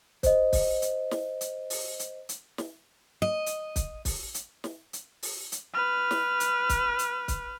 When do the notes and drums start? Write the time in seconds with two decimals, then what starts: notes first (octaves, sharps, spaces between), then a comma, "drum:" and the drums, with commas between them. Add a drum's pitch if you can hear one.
0.23 C5 D#5, drum: kick, hi-hat
0.53 drum: kick, open hi-hat
0.82 drum: hi-hat
1.11 drum: snare
1.41 drum: hi-hat
1.70 drum: open hi-hat
1.99 drum: hi-hat
2.29 drum: hi-hat
2.58 drum: snare
3.22 D#5
3.46 drum: hi-hat
3.76 drum: kick, hi-hat
4.05 drum: kick, open hi-hat
4.34 drum: hi-hat
4.64 drum: snare
4.93 drum: hi-hat
5.23 drum: open hi-hat
5.52 drum: hi-hat
5.74 B4 F6
6.11 drum: snare
6.40 drum: hi-hat
6.69 drum: kick, hi-hat
6.99 drum: hi-hat
7.28 drum: kick, hi-hat